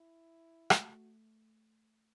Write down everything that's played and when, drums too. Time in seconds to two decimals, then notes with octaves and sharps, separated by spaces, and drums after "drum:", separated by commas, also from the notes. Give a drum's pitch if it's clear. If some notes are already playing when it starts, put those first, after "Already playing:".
Already playing: E4
0.70 A3 F#4, drum: rim click